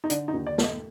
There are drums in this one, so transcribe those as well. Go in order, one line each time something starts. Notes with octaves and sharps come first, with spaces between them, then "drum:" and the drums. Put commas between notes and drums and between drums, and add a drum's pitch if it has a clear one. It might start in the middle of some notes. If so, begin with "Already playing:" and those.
D#4
D3 D4, drum: hi-hat
D#4
D#2
D5
A3, drum: snare
D#5